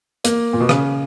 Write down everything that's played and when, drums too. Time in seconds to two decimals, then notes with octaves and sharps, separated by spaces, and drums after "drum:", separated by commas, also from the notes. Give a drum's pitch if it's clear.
0.24 A#3, drum: hi-hat
0.53 A#2
0.60 B2
0.69 C#3, drum: rim click